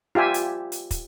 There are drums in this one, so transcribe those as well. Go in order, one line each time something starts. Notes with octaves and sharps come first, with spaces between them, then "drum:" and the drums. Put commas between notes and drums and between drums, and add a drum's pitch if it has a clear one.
F4 G4 E5 G#5
drum: hi-hat
drum: hi-hat
drum: kick, hi-hat